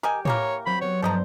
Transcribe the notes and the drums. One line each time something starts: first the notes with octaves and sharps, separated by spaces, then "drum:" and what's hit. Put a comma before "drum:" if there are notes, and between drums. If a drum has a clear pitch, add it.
G4 A#4 D#5 G#5
E3 A#3 A#4 C#5, drum: tom A2
F#3 C4 C5 B5
B3 C#5
G2 F3 A4 C5 D#5 A#5